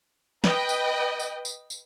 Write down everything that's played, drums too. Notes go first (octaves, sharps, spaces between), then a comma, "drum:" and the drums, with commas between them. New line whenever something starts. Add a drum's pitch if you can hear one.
B4 D#5 G5, drum: snare
drum: tambourine
drum: tambourine
drum: tambourine
drum: tambourine